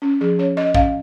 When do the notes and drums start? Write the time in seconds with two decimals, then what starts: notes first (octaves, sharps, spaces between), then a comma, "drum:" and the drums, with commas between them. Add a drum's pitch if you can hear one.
0.02 C#4
0.21 F3 G#4
0.39 C#4 C#5
0.57 C#4 D#5
0.74 C#4 F5, drum: kick A#1